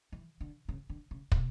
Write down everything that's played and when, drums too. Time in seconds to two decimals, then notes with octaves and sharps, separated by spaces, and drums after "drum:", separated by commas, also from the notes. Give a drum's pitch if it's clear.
0.12 E3
0.40 D3
0.69 C#3
0.89 D3
1.11 C#3
1.32 B2, drum: kick